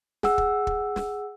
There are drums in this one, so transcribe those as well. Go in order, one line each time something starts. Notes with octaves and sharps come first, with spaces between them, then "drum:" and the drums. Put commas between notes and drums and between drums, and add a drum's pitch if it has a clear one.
G#4 F#5 E6, drum: snare
drum: kick
drum: kick
drum: snare